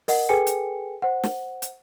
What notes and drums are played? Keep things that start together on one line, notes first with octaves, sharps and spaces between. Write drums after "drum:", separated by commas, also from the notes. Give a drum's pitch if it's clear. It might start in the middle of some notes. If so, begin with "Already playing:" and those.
A#4 D#5 F#5, drum: open hi-hat
G#4 A4 B4 G5 G#5 C#7
drum: hi-hat
C5 F#5
drum: snare
drum: hi-hat